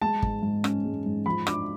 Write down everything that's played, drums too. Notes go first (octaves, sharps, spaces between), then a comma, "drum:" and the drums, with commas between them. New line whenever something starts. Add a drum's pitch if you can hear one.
G#3 A5
G#2, drum: kick
G#2
C#4, drum: rim click
G#3
G#2
F3 B5
D4 D6, drum: rim click